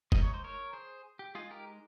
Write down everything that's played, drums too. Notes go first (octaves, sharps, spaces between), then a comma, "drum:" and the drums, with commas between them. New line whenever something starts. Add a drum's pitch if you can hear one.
G#3 D#4 D#5, drum: kick F#1
C#5
C5
A#4 C#5
G#4 C5
G4
G#3 D#4 F4 G#4
G4 A#4